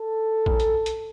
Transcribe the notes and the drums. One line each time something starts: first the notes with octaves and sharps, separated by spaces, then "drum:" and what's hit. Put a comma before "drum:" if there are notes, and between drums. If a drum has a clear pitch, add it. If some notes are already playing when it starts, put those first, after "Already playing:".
Already playing: A4
drum: kick
drum: hi-hat
drum: hi-hat